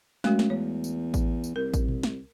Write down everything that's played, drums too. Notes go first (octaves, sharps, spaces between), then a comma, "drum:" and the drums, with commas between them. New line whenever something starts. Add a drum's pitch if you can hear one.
F#2 G#3 A3 F#4, drum: snare
drum: snare
E2 C#5
drum: tambourine
drum: kick A1, tambourine
drum: tambourine
C2 A#4
drum: kick A1, tambourine
drum: tom A#2
drum: snare